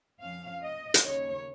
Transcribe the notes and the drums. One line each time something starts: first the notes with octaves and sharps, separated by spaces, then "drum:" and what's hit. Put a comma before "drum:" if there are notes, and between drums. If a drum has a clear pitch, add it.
F2 F3 C#4 F5
D#5
drum: hi-hat
D#2 C#3 A#3 C#5